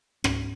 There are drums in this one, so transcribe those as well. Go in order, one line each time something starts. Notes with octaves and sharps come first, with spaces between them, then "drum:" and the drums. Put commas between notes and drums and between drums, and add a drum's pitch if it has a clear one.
G#2 C#4, drum: rim click